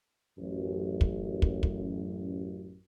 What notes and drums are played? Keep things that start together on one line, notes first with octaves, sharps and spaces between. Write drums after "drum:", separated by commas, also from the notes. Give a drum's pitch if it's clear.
A1 F#2
drum: kick
drum: kick
drum: kick